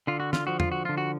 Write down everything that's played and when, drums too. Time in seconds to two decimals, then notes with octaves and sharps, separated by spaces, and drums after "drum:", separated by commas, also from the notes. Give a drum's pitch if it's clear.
0.07 D3 F4
0.20 F#4
0.33 F4, drum: snare
0.47 F3 F#4
0.60 F4, drum: tom E2
0.72 F#4
0.85 D3 F4
0.98 F#4